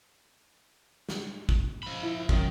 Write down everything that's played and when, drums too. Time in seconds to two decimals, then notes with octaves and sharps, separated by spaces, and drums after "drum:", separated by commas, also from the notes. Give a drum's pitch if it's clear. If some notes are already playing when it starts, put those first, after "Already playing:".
1.09 drum: snare
1.49 drum: kick
1.83 F3 B5
2.03 E4
2.29 F#2 D#3, drum: kick